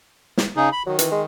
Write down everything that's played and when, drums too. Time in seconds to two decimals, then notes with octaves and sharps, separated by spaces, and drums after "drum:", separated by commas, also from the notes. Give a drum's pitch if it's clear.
0.37 drum: snare
0.56 C#3 D#4 G#4
0.72 B5
0.87 D#3 F#3
0.99 E3, drum: hi-hat
1.12 G#3